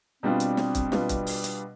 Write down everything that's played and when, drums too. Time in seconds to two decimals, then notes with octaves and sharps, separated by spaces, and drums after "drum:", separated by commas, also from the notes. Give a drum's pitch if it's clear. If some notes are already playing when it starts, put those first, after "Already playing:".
0.23 B2 G3 B3 C4 D4 F4
0.40 drum: hi-hat
0.57 drum: snare
0.75 drum: kick, hi-hat
0.92 B2 G3 B3 D4 F4, drum: snare
1.09 drum: kick, hi-hat
1.27 drum: open hi-hat
1.44 drum: hi-hat